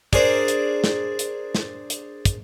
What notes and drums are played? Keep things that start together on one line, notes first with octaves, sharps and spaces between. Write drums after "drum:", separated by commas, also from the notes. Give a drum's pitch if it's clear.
D4 G#4 A#4 C5 D5, drum: kick, hi-hat
drum: hi-hat
drum: snare
drum: hi-hat
drum: snare
drum: hi-hat
drum: kick, hi-hat